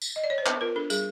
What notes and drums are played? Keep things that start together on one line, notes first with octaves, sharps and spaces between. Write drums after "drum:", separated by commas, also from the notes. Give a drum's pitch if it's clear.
drum: tambourine
D#5
D5
C#5
C5
B3 B4, drum: clap
F4 A#4
D4 A4
G3 G#4, drum: tambourine